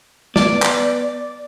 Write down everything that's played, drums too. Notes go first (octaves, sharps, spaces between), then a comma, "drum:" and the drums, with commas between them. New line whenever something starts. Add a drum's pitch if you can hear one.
B3 D5, drum: snare
drum: clap